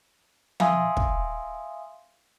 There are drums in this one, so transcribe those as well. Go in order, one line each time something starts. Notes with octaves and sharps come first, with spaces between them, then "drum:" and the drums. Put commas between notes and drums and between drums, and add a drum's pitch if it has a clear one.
E5 F5 G#5 C6 D#6, drum: tom F3
drum: kick